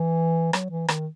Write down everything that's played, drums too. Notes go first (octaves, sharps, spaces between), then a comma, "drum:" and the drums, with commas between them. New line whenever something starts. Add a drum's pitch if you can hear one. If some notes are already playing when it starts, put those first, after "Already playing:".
Already playing: E3
F#3, drum: rim click
E3
D#3, drum: rim click